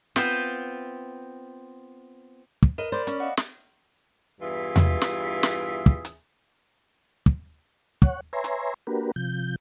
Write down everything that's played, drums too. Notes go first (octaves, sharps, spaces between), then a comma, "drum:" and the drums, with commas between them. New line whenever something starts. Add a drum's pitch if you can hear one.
B3 C4 F4 C5, drum: snare
drum: kick
A#4 B4 D#5
C5 D5 B5 D6
C#4, drum: hi-hat
D#5 F5 F#5
drum: snare
E2 G2 E3 F4 G#4 E5
drum: tom E2
drum: snare
drum: snare
drum: kick
drum: hi-hat
drum: kick
C#5 F#5, drum: kick
B4 C#5 E5 G#5 A#5 C6
drum: hi-hat
A#3 D4 F#4 G4 A#4 B4
C3 F3 G6